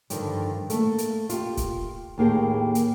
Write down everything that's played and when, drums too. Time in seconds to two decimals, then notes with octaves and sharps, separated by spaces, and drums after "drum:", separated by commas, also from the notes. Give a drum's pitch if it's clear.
0.10 G2 D3 D#3 F3, drum: hi-hat
0.70 A3 A#3 A4, drum: hi-hat
0.98 drum: hi-hat
1.29 F4 G4, drum: hi-hat
1.57 drum: kick, hi-hat
2.18 D#2 A2 A#3 G4 G#4 G5
2.75 drum: hi-hat